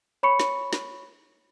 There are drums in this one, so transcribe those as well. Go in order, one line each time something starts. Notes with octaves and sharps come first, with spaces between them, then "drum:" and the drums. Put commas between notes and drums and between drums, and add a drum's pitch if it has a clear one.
C#5 B5 C#6 C#7
drum: snare
drum: snare